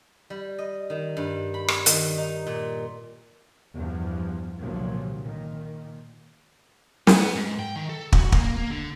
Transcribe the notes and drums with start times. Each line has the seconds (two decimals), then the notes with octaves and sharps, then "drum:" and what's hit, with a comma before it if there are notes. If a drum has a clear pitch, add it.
0.30 G3
0.58 D#5
0.90 D#3
1.17 G2
1.54 B5
1.68 drum: rim click
1.86 D#3, drum: hi-hat
2.17 D#4
2.47 A#2
3.77 E2 G2 F3
4.59 C2 G2 A#2 D3 F3 F#3
5.21 A#2 D#3
7.07 B3, drum: snare
7.35 G#2
7.59 G5
7.76 D#3
7.89 A4
8.13 F#4, drum: kick
8.32 A#3, drum: kick
8.57 A#3
8.70 D3